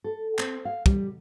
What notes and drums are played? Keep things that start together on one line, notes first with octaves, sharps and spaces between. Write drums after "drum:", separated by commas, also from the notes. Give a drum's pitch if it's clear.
A4
C4, drum: clap
F5
G3, drum: kick